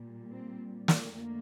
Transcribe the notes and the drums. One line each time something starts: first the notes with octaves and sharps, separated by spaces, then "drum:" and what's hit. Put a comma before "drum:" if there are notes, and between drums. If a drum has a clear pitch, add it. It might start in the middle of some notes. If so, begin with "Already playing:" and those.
Already playing: A#2 G3
C4
drum: snare
F2 D3 A3 A#3